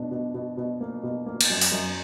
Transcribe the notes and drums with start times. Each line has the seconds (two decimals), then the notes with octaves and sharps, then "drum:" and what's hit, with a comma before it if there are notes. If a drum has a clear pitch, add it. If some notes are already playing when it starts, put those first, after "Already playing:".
Already playing: B2 D4
0.11 B2
0.34 B2
0.57 B2
0.81 A#3
1.03 B2
1.26 A#3
1.41 drum: cymbal
1.50 F#2
1.61 drum: open hi-hat
1.72 F#2